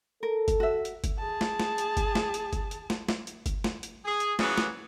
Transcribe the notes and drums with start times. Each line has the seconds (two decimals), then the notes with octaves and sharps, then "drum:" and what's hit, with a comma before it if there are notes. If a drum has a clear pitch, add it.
0.23 A4 A#4
0.48 drum: kick G1, hi-hat
0.60 F#4 E5
0.85 drum: hi-hat
1.04 drum: kick G1, hi-hat
1.19 G#4 A5
1.41 drum: snare
1.60 drum: snare
1.78 drum: hi-hat
1.97 drum: kick G1, hi-hat
2.15 drum: snare
2.34 drum: hi-hat
2.53 drum: kick G1, hi-hat
2.71 drum: hi-hat
2.90 drum: snare
3.09 drum: snare
3.27 drum: hi-hat
3.46 drum: kick G1, hi-hat
3.64 drum: snare
3.83 drum: hi-hat
4.05 G#4
4.20 drum: hi-hat
4.39 C#3 E3 F#3 B3, drum: snare
4.57 drum: snare